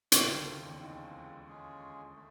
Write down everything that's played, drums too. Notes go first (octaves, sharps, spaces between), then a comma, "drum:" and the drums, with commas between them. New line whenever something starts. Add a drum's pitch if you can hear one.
C#2 C#3 G3 C4 F4, drum: hi-hat
D2 D3
D#2 D#3
E2 E3
D#2 D#3 G#3 C4 F4
G#3 C#4 F4 G#4
A3